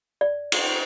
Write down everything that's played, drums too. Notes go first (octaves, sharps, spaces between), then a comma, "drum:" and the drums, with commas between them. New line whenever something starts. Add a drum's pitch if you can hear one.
D5
drum: cymbal